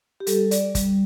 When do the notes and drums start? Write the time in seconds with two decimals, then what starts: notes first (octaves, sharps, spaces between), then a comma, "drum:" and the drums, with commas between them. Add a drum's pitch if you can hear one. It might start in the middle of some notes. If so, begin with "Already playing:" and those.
0.20 G4
0.27 G3 A4, drum: hi-hat
0.51 D5, drum: hi-hat
0.75 G3, drum: kick G1, hi-hat